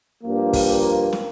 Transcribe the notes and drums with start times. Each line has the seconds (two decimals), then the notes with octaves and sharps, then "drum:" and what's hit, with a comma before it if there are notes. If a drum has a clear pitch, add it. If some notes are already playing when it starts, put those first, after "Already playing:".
0.23 G2 F3 A#3
0.53 drum: kick, open hi-hat
1.13 drum: snare